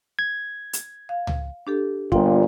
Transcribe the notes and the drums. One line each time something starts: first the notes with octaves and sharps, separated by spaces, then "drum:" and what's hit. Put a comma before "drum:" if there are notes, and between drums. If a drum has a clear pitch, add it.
G#6
drum: hi-hat
F5
drum: tom C#2
D4 G4 A4
G1 G2 A#2 F4 G5, drum: kick